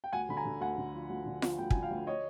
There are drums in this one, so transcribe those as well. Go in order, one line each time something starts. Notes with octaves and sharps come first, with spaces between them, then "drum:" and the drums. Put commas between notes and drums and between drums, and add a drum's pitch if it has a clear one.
G5
D2 F#5 G#5
D3 B5
G#5 A#5
D3
D2 F#5 G#5
D3
F3
D2
D3
F3, drum: snare F4
D2 G5
D3 G#5, drum: kick
F5 G5
D2
C#5 D#5